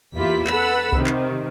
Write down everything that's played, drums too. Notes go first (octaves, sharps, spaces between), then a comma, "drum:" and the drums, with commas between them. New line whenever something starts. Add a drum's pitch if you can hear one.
E2 A#3 E4 F4 G4 B6
A4 B4 F#5 B5 E6, drum: clap
C3 D#3 C4, drum: kick C2
drum: clap